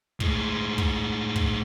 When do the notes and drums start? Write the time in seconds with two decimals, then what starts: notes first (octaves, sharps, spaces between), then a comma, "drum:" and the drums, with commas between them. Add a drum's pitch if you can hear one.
0.20 A2 G#3, drum: kick
0.78 drum: kick
1.36 drum: kick